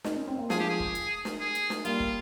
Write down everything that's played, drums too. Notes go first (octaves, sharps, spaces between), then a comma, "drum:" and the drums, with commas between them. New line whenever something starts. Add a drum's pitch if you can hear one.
D#4, drum: snare
C#4
C4
A#3
F3 G#3 G#4, drum: snare
G4
G#4
drum: kick
drum: hi-hat
drum: snare
G#4
drum: hi-hat
drum: snare
G3 A#3 F4, drum: hi-hat
drum: kick